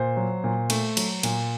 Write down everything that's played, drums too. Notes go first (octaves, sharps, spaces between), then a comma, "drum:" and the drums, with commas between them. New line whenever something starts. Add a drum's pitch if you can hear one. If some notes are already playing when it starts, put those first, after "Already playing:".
Already playing: A#2 C5
F#3
A#2
A3, drum: cymbal
F#3, drum: cymbal
A#2, drum: cymbal